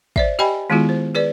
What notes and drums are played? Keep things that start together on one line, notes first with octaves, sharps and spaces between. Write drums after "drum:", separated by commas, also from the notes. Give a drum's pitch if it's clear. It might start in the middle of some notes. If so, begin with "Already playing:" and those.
C5 D5 E5, drum: kick
G4 D#5 G5 G#5 B5
D#3 G#3 B3 E4 F4 G#4
C5
G#4 B4 D5